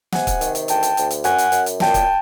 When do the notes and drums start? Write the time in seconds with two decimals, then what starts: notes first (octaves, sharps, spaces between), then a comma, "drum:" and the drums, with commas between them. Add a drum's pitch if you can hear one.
0.12 C3 F#5 G#5, drum: snare
0.27 drum: kick, hi-hat
0.41 D#3, drum: hi-hat
0.55 drum: hi-hat
0.68 D2 G5 A5, drum: hi-hat
0.83 drum: hi-hat
0.97 D2, drum: hi-hat
1.11 drum: hi-hat
1.24 F#2 F#5 G#5, drum: hi-hat
1.38 drum: hi-hat
1.52 F#2, drum: hi-hat
1.66 drum: hi-hat
1.80 A#2 G5 A5, drum: snare
1.94 drum: kick, hi-hat